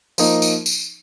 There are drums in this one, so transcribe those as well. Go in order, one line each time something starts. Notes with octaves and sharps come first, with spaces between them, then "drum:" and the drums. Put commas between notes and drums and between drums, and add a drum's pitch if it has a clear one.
F3 A#3 D#4, drum: tambourine
drum: tambourine
drum: tambourine